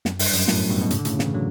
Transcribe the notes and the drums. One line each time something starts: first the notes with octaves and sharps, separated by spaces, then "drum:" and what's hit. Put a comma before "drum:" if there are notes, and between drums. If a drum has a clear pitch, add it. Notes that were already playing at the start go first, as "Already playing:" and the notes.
F#2, drum: snare
G2, drum: open hi-hat
F#2, drum: hi-hat
F#2 A2, drum: snare
G2 B2
B2
A2 C#3, drum: hi-hat
D3
A2 C#3, drum: hi-hat
C#3 E3, drum: snare
D3 F#3